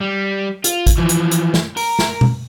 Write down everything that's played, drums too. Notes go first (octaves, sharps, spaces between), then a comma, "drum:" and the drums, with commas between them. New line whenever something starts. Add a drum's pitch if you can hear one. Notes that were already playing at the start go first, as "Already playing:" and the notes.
G3
F4, drum: hi-hat
drum: kick G#1, hi-hat
E3 F3
drum: hi-hat
drum: hi-hat
drum: snare
A#4, drum: open hi-hat
drum: snare
drum: tom B2